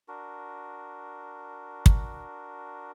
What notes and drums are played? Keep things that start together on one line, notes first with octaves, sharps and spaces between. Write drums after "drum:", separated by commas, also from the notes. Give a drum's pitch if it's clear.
D4 F#4 A#4
drum: kick